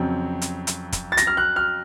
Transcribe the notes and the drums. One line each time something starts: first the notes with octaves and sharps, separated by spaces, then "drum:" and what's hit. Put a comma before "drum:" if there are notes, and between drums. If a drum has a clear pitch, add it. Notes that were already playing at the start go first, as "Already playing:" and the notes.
Already playing: F2 C#3 F#3 C4
drum: hi-hat
drum: hi-hat
drum: kick, hi-hat
A6
A#6, drum: hi-hat
F6
F#6
F6